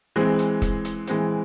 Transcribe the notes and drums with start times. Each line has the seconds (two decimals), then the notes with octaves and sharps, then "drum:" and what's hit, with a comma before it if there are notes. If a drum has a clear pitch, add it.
0.16 E3 G#3 C4
0.39 drum: hi-hat
0.62 drum: kick, hi-hat
0.85 drum: hi-hat
1.07 E3 G#3 C4, drum: hi-hat